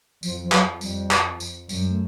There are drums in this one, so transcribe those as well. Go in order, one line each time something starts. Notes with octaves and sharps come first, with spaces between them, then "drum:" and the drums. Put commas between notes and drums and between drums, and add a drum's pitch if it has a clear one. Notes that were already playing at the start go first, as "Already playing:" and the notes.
F2 F3, drum: tambourine
F3
F#3, drum: clap
F2 G3, drum: tambourine
drum: clap
drum: tambourine
F#2 G3, drum: tambourine
A3